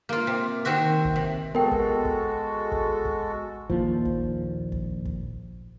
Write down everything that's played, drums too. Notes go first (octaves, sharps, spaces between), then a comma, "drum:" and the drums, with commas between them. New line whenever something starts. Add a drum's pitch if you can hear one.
A#3 F4
C3
D#3 C4 F#4 E5
drum: kick
C3
G#3 B3 F#4 A4 A#4 G5
drum: kick
drum: kick
drum: kick
drum: kick
A#1 D#2 A#2 F3, drum: kick
drum: kick
drum: kick
drum: kick